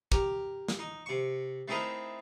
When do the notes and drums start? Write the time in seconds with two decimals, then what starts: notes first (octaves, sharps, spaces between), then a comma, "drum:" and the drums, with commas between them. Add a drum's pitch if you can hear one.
0.12 G4 A#4, drum: kick
0.68 drum: snare
0.79 D#4
1.06 C3 C#6
1.68 A3 C4 D#4 E4 G#4 A#4